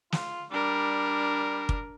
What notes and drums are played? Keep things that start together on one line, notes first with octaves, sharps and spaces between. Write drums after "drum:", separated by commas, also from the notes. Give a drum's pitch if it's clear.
F4, drum: snare
G3 D4 A#4
drum: kick